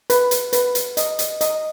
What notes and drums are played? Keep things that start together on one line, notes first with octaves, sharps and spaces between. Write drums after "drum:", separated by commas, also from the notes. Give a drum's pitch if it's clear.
B4, drum: hi-hat
drum: hi-hat
B4, drum: hi-hat
drum: hi-hat
D#5, drum: hi-hat
drum: hi-hat
D#5, drum: hi-hat